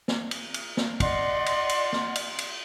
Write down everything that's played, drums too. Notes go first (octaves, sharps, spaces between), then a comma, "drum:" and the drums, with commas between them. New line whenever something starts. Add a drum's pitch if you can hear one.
drum: snare
drum: cymbal
drum: cymbal
drum: snare
D5 D#5 F#5 C6, drum: kick, cymbal
drum: cymbal
drum: cymbal
drum: snare
drum: cymbal
drum: cymbal